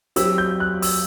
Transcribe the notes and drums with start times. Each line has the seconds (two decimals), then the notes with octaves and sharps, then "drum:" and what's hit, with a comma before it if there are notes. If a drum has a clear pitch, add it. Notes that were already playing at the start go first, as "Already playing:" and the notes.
0.16 F#3 C4 G4 E6, drum: hi-hat
0.38 G6
0.60 F#6
0.82 E6, drum: open hi-hat